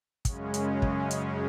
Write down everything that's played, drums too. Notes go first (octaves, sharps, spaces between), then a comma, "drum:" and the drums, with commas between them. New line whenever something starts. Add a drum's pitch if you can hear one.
F#2 C#3 G#3 C#4, drum: kick, hi-hat
drum: hi-hat
drum: kick
drum: hi-hat